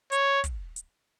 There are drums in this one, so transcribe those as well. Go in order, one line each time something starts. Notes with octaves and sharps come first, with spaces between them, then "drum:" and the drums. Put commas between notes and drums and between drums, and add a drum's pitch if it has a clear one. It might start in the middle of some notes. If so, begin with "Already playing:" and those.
C#5, drum: hi-hat
drum: kick, hi-hat
drum: hi-hat